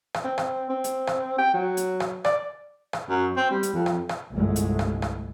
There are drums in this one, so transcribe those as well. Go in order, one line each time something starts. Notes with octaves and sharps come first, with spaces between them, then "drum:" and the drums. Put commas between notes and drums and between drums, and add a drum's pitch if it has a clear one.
drum: rim click
C4
drum: rim click
C4
drum: hi-hat
drum: rim click
G5
F#3
drum: hi-hat
drum: rim click
D5, drum: rim click
drum: rim click
F#2
C4
G3
drum: hi-hat
F2
drum: rim click
drum: rim click
G1 C2 D3 G#3 A3
drum: hi-hat
drum: rim click
drum: rim click